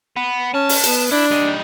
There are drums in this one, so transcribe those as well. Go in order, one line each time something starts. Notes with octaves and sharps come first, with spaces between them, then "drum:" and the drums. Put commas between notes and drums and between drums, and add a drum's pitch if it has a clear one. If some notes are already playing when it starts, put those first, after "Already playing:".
B3
C#4 A5
drum: open hi-hat
B3, drum: hi-hat
D4 E4
G3 D#4